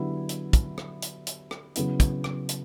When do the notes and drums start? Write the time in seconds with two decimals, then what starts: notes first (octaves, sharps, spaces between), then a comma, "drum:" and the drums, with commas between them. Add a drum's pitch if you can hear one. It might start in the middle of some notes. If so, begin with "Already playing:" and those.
Already playing: D3 F#3 B3 E4 G4
0.29 drum: hi-hat
0.53 drum: kick, hi-hat
0.78 drum: rim click
1.02 drum: hi-hat
1.27 drum: hi-hat
1.51 drum: rim click
1.75 C#3 F#3 B3 E4, drum: hi-hat
2.00 drum: kick, hi-hat
2.24 drum: rim click
2.49 drum: hi-hat